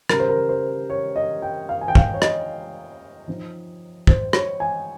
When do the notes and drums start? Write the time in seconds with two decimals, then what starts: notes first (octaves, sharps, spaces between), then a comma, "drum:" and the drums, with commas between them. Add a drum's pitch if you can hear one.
0.09 C#3 G3 C#4 A#4, drum: rim click
0.20 C5
0.29 A#4
0.49 C5
0.90 C#5
1.16 D#5
1.42 G5
1.69 F5
1.81 G#5
1.88 G5
1.95 F5, drum: kick
2.14 C#5
2.22 D#5, drum: rim click
3.28 F3 C4 D#4
4.07 C5, drum: kick
4.33 C#5, drum: rim click
4.60 G#5